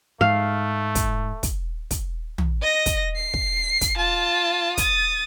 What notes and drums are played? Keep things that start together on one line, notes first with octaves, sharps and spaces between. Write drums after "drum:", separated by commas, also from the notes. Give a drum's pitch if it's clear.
G#2 A3 F5
drum: kick, hi-hat
drum: kick, hi-hat
drum: kick, hi-hat
drum: tom
D#5 A#6
drum: kick, hi-hat
C7
drum: kick
drum: kick, hi-hat
F4 A5
D#6 A6, drum: kick, hi-hat